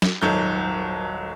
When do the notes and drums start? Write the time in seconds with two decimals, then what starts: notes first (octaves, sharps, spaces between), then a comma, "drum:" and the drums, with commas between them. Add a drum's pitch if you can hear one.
0.02 drum: snare
0.22 D#1 G#1 F#3 D#4 A4 G6